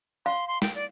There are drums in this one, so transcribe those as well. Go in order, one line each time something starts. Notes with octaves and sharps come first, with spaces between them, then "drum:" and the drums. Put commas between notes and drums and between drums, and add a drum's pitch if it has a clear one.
F5 C6
C6
G5, drum: snare
D5